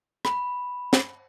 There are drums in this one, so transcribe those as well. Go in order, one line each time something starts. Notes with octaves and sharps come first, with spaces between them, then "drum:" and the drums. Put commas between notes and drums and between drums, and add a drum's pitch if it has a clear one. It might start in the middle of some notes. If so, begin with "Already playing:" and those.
B5, drum: rim click
drum: snare